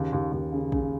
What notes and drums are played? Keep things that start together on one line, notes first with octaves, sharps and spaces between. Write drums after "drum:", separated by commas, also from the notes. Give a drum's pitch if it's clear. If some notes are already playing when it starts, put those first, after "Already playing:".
Already playing: D#2 C#3
D#2
D#2
C#3
C#3, drum: kick